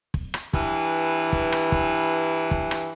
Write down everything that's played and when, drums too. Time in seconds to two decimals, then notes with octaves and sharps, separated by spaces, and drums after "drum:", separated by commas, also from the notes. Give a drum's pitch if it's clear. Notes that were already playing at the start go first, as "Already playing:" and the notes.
0.14 drum: kick
0.34 drum: rim click
0.54 G2 E3, drum: kick
1.33 drum: kick
1.52 drum: rim click
1.72 drum: kick
2.51 drum: kick
2.71 drum: rim click